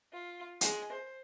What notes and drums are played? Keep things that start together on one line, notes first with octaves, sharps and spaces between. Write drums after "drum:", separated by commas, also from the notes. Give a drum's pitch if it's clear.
F4
G#3, drum: hi-hat
C5